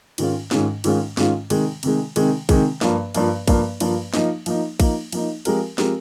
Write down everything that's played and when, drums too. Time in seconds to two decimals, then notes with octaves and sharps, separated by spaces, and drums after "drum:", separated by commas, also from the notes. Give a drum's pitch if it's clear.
0.18 G#2 D#3 G#3 C#4 F4, drum: cymbal
0.51 G#2 D#3 G#3 C#4 F4, drum: snare
0.84 G#2 D#3 G#3 C#4 F4, drum: cymbal
1.17 G#2 D#3 G#3 C#4 F4, drum: snare
1.50 C3 D#3 G#3, drum: cymbal
1.83 C3 D#3 G#3, drum: cymbal
2.16 C3 D#3 G#3, drum: cymbal
2.49 C3 D#3 G#3, drum: kick, cymbal
2.81 G2 F3 A#3, drum: snare
3.14 G2 F3 A#3, drum: cymbal
3.48 G2 F3 A#3, drum: kick, cymbal
3.80 G2 F3 A#3, drum: cymbal
4.14 F3 A#3 D#4, drum: snare
4.46 F3 A#3 D#4, drum: cymbal
4.80 F3 A#3 D#4, drum: kick, cymbal
5.12 F3 A#3 D#4, drum: cymbal
5.45 F3 G#3 C4 G4 A#4, drum: cymbal
5.78 F3 G#3 C4 G4 A#4, drum: snare